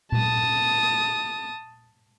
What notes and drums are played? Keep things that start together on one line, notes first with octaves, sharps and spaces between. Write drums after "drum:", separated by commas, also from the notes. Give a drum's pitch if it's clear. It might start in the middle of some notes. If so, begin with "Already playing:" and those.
A5 D#6, drum: tom A#2